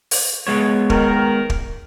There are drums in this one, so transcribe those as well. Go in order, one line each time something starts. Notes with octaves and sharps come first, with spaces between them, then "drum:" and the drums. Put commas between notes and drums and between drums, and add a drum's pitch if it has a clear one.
drum: open hi-hat
G#3 B3 C#5
D#3 A#4, drum: kick
drum: kick